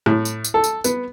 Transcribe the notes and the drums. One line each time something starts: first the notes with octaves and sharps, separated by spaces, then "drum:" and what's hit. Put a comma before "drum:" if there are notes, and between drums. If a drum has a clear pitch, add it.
A2, drum: rim click
drum: tambourine
drum: tambourine
A4
drum: tambourine
B3, drum: tambourine